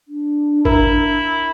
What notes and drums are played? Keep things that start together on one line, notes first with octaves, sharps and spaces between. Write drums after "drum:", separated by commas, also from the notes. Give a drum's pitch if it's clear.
D4
E4 A#4, drum: kick G#1